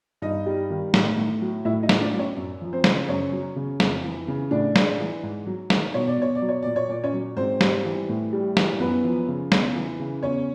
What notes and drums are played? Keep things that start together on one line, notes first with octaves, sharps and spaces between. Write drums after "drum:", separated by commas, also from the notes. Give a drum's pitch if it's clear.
G2 D#4 D#5
G3
D#3
A2, drum: snare
A2
F#3
A2 E4 E5
D#4 D#5
A2, drum: snare
D4 D5
F#3
C#4 C#5
F#2
F3
C4 C5
C#3, drum: snare
F#2 C#4 C#5
F#3
C#3
F2, drum: snare
E3
C#3
A2 D4 D5
G#3, drum: snare
E3
G#2
F#3
D#3, drum: snare
B2 C#5
D5
B2 C#5
D5
F#3
C#5
A#2 D5
C#5
A#2 D5
C#4 C#5
F#3
G#2 C4 C5
G3, drum: snare
E3
A2
G3
E3, drum: snare
F#2 B3 B4
F3
C#3
E2, drum: snare
E3
C#3
E2 C#4 C#5